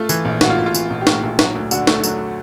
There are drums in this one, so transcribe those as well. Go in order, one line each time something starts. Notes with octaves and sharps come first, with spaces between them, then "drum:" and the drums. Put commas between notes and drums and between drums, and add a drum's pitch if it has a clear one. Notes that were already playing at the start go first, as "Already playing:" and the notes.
Already playing: A3 F4
E3, drum: tambourine
A#1
A2 F#4, drum: snare
F4
A#1
F4
E3, drum: tambourine
A#1
G4
A2 F#4, drum: snare
A#1
F#3, drum: snare
D2
D3 F#4, drum: tambourine
A3, drum: snare
F#3, drum: tambourine